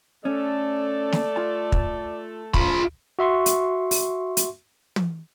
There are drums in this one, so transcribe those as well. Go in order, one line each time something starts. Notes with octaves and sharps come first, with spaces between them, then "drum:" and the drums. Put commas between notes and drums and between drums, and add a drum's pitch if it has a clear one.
A3 C#4 A4 D5
drum: snare
F4 A5
drum: kick
F3 F4 B5, drum: kick
F#4 E5 C6 C#6
drum: hi-hat
drum: open hi-hat
drum: hi-hat
drum: tom